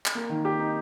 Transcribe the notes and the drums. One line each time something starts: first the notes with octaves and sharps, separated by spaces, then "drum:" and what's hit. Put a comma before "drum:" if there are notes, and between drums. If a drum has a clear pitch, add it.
drum: clap
A#3
D#3
G4
D#4